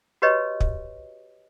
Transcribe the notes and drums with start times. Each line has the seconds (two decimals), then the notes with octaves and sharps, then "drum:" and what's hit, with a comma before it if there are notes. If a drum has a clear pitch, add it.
0.22 F#4 G4 B4 C#5 D#5
0.60 drum: kick